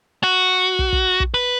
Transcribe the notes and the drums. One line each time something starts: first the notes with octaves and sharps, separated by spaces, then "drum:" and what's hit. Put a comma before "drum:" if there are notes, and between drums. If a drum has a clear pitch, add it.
F#4
drum: kick
drum: kick
drum: kick
B4